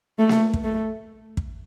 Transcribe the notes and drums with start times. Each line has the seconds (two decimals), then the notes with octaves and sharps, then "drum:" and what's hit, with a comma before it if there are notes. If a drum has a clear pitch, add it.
0.19 A3
0.29 drum: snare A#3
0.54 drum: kick
0.64 A3
1.37 drum: kick